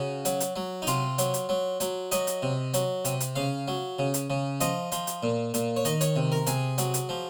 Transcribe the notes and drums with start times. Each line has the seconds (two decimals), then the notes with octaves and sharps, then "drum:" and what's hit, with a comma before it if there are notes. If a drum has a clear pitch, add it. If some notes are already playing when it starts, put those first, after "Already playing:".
Already playing: C#3 F#4
0.25 F#3, drum: hi-hat
0.40 drum: hi-hat
0.56 F#3
0.82 D#4
0.87 C3 F4, drum: hi-hat
1.18 F#3, drum: hi-hat
1.34 drum: hi-hat
1.49 F#3
1.80 F#3, drum: hi-hat
2.11 F#3 D#5, drum: hi-hat
2.27 drum: hi-hat
2.42 C3
2.74 F#3, drum: hi-hat
3.05 C3, drum: hi-hat
3.20 drum: hi-hat
3.36 C#3 F5
3.68 F#3
3.99 C#3
4.14 drum: hi-hat
4.30 C#3
4.60 F3 D#5, drum: hi-hat
4.92 F3, drum: hi-hat
5.07 drum: hi-hat
5.23 A#2
5.54 A#2, drum: hi-hat
5.77 C#5
5.85 D#3 D#5, drum: hi-hat
6.01 C#5, drum: hi-hat
6.16 C3
6.32 A#4
6.47 C3 G#4, drum: hi-hat
6.78 F#3, drum: hi-hat
6.94 drum: hi-hat
7.09 F3